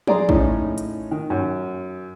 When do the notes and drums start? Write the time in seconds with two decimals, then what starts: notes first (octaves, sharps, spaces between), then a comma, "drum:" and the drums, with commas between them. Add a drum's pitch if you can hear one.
0.07 G#4 D5 A#5 C6, drum: tom F3
0.29 A2 C#4 D#4, drum: kick
0.78 drum: hi-hat
1.11 D#3
1.30 F#2